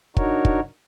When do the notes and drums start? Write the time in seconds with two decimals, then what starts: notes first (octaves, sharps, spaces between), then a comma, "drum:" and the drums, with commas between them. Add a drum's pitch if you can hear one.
0.17 D4 D#4 F#4 A#4 C#5, drum: kick
0.45 drum: kick